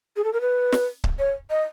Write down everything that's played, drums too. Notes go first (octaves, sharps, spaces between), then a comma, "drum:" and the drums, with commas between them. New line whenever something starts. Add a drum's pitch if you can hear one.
G#4
A4
A#4
B4
drum: snare
drum: kick C#1
C#5
D#5